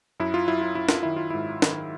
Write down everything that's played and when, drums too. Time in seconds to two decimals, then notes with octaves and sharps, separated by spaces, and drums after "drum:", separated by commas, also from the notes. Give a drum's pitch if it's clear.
0.20 F#2 E4
0.34 F4
0.48 F#3 E4
0.61 F4
0.75 F#2 E4
0.89 F4, drum: snare
1.03 D#3 E4
1.16 F4
1.30 G#2 E4
1.62 D#3, drum: snare